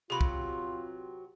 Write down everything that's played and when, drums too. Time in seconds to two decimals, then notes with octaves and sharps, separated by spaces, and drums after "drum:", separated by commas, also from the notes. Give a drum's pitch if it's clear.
0.10 C3 F#3 B3 F4 G#4 B5
0.21 drum: kick